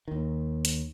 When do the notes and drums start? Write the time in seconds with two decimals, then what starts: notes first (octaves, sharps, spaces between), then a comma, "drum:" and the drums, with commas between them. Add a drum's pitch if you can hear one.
0.08 D#2 D#3
0.65 drum: hi-hat